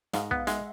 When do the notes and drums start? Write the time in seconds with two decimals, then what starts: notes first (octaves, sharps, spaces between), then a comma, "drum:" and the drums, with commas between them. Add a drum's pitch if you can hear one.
0.13 G#2 D#5 F5, drum: snare
0.31 B3, drum: kick
0.47 G#3 E5 F#5, drum: snare